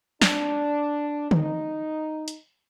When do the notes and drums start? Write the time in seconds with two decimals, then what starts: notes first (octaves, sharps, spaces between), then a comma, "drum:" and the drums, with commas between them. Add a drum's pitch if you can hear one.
0.22 D4, drum: snare
1.31 D#4, drum: tom D3
2.28 drum: hi-hat